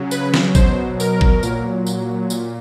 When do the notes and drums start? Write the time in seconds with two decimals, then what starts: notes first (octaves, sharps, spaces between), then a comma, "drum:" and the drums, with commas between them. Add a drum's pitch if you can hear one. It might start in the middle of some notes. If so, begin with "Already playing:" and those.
Already playing: C#3 F#3
0.11 B4, drum: tambourine
0.34 drum: snare
0.55 B2 F#3 C5, drum: kick G#1, tambourine
1.00 A#4, drum: tambourine
1.21 drum: kick G#1
1.43 A#2 F#3, drum: tambourine
1.87 drum: tambourine
2.30 A#2, drum: tambourine